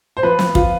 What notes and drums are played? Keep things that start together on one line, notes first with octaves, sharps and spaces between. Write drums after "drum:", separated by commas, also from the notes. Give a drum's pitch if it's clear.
C5
F3 B4
F3, drum: snare
F4, drum: kick